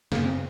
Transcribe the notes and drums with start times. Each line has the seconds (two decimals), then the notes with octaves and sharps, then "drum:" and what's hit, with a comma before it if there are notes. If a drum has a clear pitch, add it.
0.12 F#2 C#3 A#3, drum: snare
0.25 C4